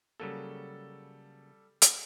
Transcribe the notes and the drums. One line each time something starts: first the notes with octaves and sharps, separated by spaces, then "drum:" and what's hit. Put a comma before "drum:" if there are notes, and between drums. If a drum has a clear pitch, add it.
C#3 F#3 G3 A#3 A4
drum: hi-hat